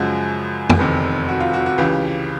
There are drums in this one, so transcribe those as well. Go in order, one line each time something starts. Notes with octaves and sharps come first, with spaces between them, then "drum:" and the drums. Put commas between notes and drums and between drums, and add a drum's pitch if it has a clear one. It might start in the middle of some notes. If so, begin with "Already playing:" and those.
Already playing: F#2 C#3 F3 G#3 F#4
drum: tom F2
F1 E2 C3 D#3
F#4
F4
F#4
F#4
C#2 C#3 E3 G4